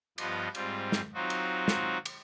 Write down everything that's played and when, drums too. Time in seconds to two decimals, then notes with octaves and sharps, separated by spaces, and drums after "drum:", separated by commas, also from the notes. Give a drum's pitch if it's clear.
0.18 G2 F3 B3 F4 D#5, drum: cymbal
0.55 G#2 G3 C4 F4, drum: cymbal
0.92 drum: snare
1.14 F#3 C4 D#4 F4 F#4
1.30 drum: cymbal
1.68 drum: snare
2.05 drum: cymbal